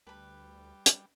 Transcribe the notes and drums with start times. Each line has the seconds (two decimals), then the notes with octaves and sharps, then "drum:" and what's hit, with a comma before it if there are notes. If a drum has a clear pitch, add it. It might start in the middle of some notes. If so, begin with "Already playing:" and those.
0.07 D2 G3 B4 B5
0.86 drum: hi-hat